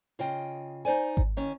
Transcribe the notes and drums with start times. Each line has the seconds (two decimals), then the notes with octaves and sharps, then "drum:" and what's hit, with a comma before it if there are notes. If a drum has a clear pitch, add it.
0.19 C#3 F4 D#5 G5
0.85 D#4 C5 D5 G#5
1.17 drum: kick G#1
1.37 D#3 C#4